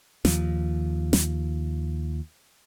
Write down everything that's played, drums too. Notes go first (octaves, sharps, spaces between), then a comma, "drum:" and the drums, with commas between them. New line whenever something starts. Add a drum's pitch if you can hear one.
D#2 F3, drum: snare
drum: snare